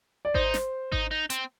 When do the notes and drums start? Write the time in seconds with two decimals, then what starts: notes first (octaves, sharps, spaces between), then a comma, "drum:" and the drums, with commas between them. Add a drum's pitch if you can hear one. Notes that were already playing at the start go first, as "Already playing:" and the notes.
0.25 D5
0.34 D#4 C5, drum: kick G#1
0.54 drum: snare
0.92 D#4, drum: kick G#1
1.11 D#4
1.30 C4, drum: hi-hat